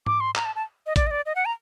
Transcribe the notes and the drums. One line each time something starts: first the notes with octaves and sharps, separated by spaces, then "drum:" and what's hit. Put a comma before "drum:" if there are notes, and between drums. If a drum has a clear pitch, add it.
D6, drum: tom G#2
C6
A#5, drum: clap
A5
A5
D#5
D5, drum: kick, hi-hat
D#5
D5
D#5
F#5
A#5